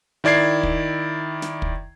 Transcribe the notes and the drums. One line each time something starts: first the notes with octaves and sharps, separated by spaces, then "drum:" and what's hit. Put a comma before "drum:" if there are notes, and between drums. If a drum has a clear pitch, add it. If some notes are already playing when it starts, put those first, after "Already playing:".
D#3 E4 D5 G#6 C7
drum: kick
drum: snare
drum: kick